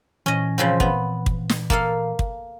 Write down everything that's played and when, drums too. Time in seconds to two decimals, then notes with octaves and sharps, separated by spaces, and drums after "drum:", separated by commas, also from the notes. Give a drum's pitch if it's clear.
0.26 A#2 E3 C#4 D#5
0.58 C#3 F3 C4
0.80 B3, drum: kick
1.26 drum: kick
1.49 drum: snare
1.70 A#3 A4 F5, drum: kick
2.19 drum: kick